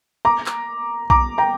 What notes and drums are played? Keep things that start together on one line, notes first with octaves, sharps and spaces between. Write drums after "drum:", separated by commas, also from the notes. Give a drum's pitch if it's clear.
A#5 D6
drum: clap
A#5 D6, drum: kick B1
G5 A#5